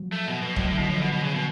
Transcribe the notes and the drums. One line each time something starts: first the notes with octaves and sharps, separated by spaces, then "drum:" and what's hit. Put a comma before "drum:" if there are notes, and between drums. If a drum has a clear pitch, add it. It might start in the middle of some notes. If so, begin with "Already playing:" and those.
Already playing: F3 F#3
A3
B2
B2
A2 F#3, drum: kick
A2 D3
B2
A2 F3
B2 D3
B2
C#3
B2